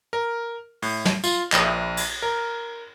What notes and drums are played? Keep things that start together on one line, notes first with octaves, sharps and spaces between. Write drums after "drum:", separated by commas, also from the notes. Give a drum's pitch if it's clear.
A#4
A2, drum: open hi-hat
drum: snare
F4, drum: tambourine
A#1, drum: clap
drum: cymbal
A#4